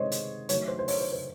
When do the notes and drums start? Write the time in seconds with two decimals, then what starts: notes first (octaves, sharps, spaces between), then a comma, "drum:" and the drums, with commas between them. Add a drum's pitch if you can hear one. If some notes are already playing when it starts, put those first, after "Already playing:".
Already playing: C3 D#3 G#3 C5 C#5 D#5
0.12 drum: hi-hat
0.49 D#3 F#3 A3 C#5, drum: hi-hat
0.68 C5
0.79 C5
0.88 C#5, drum: open hi-hat
1.00 C5
1.13 C5